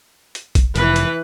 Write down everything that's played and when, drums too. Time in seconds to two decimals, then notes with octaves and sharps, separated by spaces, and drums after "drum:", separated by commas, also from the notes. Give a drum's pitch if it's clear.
0.35 drum: hi-hat
0.55 drum: kick B1, hi-hat
0.76 F1 E3 B4, drum: hi-hat
0.96 drum: hi-hat